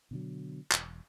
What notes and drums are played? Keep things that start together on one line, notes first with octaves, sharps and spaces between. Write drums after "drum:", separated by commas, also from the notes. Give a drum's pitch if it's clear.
B2 D3 F#3
E1, drum: clap